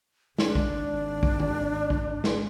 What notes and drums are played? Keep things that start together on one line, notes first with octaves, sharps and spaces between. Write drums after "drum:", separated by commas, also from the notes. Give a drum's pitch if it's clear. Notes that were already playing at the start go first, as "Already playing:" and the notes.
G#1 D4, drum: snare
drum: kick
drum: kick
drum: tom D#3
drum: kick
drum: snare